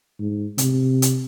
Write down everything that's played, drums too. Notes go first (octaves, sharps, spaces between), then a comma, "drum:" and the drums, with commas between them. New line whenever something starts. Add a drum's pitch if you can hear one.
G#2
C3, drum: hi-hat
drum: hi-hat